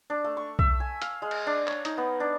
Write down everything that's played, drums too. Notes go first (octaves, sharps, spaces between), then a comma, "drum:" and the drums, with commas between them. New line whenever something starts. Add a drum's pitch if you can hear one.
D4
A3
C#6
E5, drum: kick B1
G#5
F5, drum: hi-hat
G#3
drum: cymbal
D4
C#5, drum: clap
D#4, drum: hi-hat
B3
D4